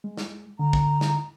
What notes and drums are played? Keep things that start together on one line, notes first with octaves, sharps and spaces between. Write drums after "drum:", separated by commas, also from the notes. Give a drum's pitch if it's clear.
G#3
drum: snare
D3 A#5
drum: kick
drum: snare